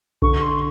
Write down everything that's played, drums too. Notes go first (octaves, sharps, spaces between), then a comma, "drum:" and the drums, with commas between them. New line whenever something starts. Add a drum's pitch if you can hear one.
D3 C#6, drum: kick A#1
C6